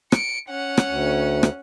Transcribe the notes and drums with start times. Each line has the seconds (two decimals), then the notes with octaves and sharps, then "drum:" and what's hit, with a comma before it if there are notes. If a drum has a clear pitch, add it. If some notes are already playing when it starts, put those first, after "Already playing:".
0.12 C#7 D7, drum: rim click
0.50 C#4 F#5
0.78 drum: rim click
0.88 D2
1.43 drum: rim click